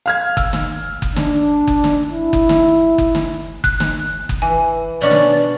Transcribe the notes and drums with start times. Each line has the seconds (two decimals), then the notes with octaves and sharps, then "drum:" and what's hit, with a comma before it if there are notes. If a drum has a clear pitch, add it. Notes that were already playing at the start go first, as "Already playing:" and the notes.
0.06 F5 F6 G#6
0.37 E6, drum: kick F#1
0.53 drum: snare
1.02 drum: kick F#1
1.16 D4, drum: snare
1.67 drum: kick F#1
1.84 drum: snare
2.10 E4
2.33 drum: kick F#1
2.49 drum: snare
2.98 drum: kick F#1
3.15 drum: snare
3.64 F#6, drum: kick F#1
3.80 drum: snare
4.29 drum: kick F#1
4.42 E3 G#5
5.02 B2 C#4 D4 D5
5.11 drum: snare